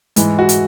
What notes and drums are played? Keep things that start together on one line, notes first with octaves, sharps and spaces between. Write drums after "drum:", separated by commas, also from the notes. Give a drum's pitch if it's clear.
G#2 E3 E4, drum: hi-hat
F#4
drum: hi-hat